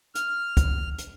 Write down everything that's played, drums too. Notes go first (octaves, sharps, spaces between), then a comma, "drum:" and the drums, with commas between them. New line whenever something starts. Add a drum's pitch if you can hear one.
F6, drum: hi-hat
drum: kick, hi-hat
drum: hi-hat